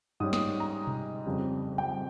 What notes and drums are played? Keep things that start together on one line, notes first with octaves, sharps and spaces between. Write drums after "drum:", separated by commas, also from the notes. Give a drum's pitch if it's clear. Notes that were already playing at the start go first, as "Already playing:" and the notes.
G#2 G3 C#4 D#6
D#6, drum: snare
A#5
drum: tom B2
F2 C#3 G3
G5, drum: tom